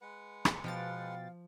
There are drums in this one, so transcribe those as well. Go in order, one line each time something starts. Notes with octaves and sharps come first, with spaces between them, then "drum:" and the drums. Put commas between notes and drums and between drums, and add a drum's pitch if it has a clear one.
G#3 B4 F#5
drum: rim click
B2 F3 F5 G5 A6